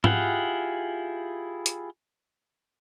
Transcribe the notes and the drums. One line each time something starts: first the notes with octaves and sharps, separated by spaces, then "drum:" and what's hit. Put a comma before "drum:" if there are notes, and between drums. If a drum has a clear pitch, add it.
E4 F4 G4 G#4 F#5, drum: tom G#2
drum: hi-hat